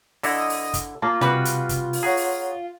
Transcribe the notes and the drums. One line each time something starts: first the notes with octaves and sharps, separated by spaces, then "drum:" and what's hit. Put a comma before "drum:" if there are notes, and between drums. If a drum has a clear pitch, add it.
D3 E4 A4 D5 D#5, drum: open hi-hat
drum: open hi-hat
drum: kick, hi-hat
A#3 F4 A5 A#5
C3 G3 F#4 B4, drum: snare
drum: hi-hat
drum: kick, hi-hat
drum: open hi-hat
G#4 C#5 F#5 A#5
drum: open hi-hat